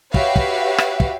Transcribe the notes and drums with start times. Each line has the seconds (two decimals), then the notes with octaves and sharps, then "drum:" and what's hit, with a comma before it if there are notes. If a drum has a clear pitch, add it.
0.14 F#4 G4 B4 C#5 E5 F5, drum: kick
0.36 drum: kick
0.78 drum: rim click
1.00 drum: kick